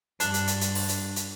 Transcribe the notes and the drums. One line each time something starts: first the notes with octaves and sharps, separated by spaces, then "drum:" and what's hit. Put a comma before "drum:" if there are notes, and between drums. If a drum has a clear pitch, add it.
G2 D4, drum: hi-hat
drum: hi-hat
drum: hi-hat
drum: hi-hat
drum: open hi-hat
drum: hi-hat
drum: hi-hat